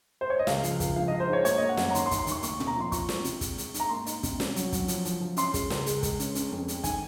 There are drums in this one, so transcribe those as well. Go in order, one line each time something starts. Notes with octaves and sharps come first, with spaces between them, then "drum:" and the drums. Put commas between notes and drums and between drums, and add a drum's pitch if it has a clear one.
C5
C#5
D#5
C#2 F5, drum: snare
F3, drum: hi-hat
C#2, drum: kick, hi-hat
F3 F5
F3 D#5
C5
G#2 C#5
A#3 C#5, drum: hi-hat
A#3 D#5
F#5
F#2, drum: snare
A#5
D#2 C6, drum: hi-hat
C6
D#2, drum: kick, hi-hat
C6
D#2 C#6, drum: hi-hat
A#3 C#6, drum: hi-hat
C3, drum: tom A#2
A#5
F3 C6
F4 C#6, drum: kick, hi-hat
C4, drum: snare
C3, drum: hi-hat
G#3, drum: kick, hi-hat
G#3, drum: hi-hat
G#2, drum: hi-hat
A#5
A#3 C6
D#4, drum: hi-hat
C3, drum: kick, hi-hat
C#4, drum: snare
F#3, drum: hi-hat
F#3, drum: kick, hi-hat
F3, drum: hi-hat
F3, drum: hi-hat
F3
C#4 C6, drum: hi-hat
G#3, drum: kick, hi-hat
C#2, drum: snare
G#3, drum: hi-hat
G#3, drum: kick, hi-hat
C#4, drum: hi-hat
C#4, drum: hi-hat
F2
G#3, drum: hi-hat
D#3 G#5, drum: kick, hi-hat